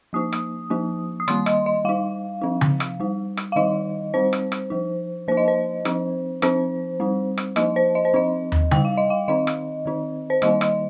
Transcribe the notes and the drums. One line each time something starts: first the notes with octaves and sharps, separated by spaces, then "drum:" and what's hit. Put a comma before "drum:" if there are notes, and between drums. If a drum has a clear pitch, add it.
F3 A#3 D#4 D#6
drum: rim click
F3 A#3 D#4
D#6
D#3 G3 A#3 C6, drum: rim click
D#5, drum: rim click
D#5
G3 D#4 F5
F3 C4 D#4
drum: tom C#3
drum: rim click
G3 D#4
drum: rim click
F5
D#3 G3 D#4 D#5
G3 C4 D#4 C5
drum: rim click
drum: rim click
F3 D#4
F3 A#3 D#4 C5
D#5
C5
F3 C4 D#4, drum: rim click
F3 C4 D#4 C5, drum: rim click
G3 C4 D#4
drum: rim click
F3 A#3 D#4 D#5, drum: rim click
C5
D#5
C5
F3 C4 D#4 D#5
drum: tom
G3 D#4 G5, drum: tom C#3
F5
D#5
F5
D#3 C4 D#4 D#5
drum: rim click
D#3 C4 D#4
C5
D#3 G3 A#3 D#4 D#5, drum: rim click
D#5, drum: rim click